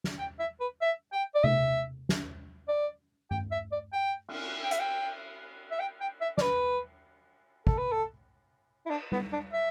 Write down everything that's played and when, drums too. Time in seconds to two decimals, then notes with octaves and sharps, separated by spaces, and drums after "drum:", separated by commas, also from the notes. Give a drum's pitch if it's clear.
0.04 drum: snare
0.19 G5
0.39 E5
0.60 B4
0.81 E5
1.13 G5
1.35 D5
1.44 E5, drum: tom C3
2.09 drum: snare
2.68 D5
3.31 G5, drum: tom G2
3.52 E5
3.72 D5
3.93 G5
4.29 drum: cymbal
4.63 G5
4.71 E5, drum: hi-hat
4.79 G5
5.71 E5
5.79 G5
6.01 G5
6.21 E5
6.38 D5, drum: snare
6.41 B4
7.67 A4, drum: kick
7.78 B4
7.92 A4
8.86 E4
8.90 D4, drum: cymbal
9.12 B3, drum: tom G3
9.32 D4
9.53 E5